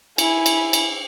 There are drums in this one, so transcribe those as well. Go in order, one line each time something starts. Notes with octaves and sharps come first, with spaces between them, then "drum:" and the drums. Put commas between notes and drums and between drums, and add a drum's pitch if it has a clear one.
E4 G#5, drum: cymbal
drum: cymbal
drum: cymbal